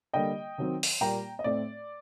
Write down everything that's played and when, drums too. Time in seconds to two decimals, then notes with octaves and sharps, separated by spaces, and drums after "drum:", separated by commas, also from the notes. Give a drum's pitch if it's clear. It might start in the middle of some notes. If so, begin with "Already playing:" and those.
0.13 D3 G3 A#3 D#5 G5
0.58 D#3 F#3 C4
0.83 drum: open hi-hat
1.01 A#2 G3 A#3 G5 A#5
1.39 D#5
1.44 A2 A3 C4 D5